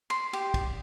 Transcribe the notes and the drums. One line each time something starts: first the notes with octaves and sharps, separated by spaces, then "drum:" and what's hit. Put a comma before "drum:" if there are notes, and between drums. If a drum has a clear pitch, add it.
C6, drum: cymbal
G4, drum: cymbal
drum: kick, cymbal